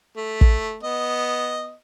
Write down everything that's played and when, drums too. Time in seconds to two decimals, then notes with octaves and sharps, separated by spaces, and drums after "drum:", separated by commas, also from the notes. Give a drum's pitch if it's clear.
0.16 A3
0.41 drum: kick
0.83 B3 D#5